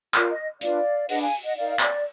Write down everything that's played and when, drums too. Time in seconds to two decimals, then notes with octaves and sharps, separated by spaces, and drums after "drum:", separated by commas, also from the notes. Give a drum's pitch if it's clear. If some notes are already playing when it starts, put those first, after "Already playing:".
0.14 F4 A#4 D5, drum: clap
0.30 D#5
0.61 D4 F4 B4 D5 F5, drum: hi-hat
1.09 D4 G#4 B4 D#5 F#5, drum: open hi-hat
1.21 F5 G#5
1.44 D#5 F#5
1.56 D#4 A#4 D5 F5
1.79 D5, drum: clap